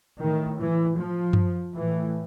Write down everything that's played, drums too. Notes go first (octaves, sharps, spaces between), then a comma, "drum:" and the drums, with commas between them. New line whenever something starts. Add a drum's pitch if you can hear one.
A2 D#3
E3
F3
drum: tom F#2
A2 E3